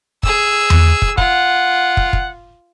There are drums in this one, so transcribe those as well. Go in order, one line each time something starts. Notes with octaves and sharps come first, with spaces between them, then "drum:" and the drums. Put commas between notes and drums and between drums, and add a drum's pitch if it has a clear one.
G#4 E6, drum: kick
drum: tom E2
drum: kick
F4 F#5, drum: kick
drum: kick
drum: kick